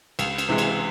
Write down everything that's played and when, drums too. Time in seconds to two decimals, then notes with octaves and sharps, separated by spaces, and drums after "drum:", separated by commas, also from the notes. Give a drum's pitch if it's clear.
0.19 C#2, drum: cymbal
0.38 drum: cymbal
0.49 C3 E3 G#3
0.58 drum: cymbal